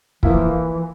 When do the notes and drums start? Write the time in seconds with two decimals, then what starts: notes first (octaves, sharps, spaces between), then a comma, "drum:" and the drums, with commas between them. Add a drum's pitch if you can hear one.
0.23 E3 F3 A#3 E4, drum: kick